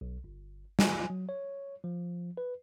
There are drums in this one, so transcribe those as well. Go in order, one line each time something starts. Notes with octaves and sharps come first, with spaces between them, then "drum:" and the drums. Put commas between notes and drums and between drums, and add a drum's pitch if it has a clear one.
B1
G1
G#5, drum: snare
F#3
C#5
F3
B4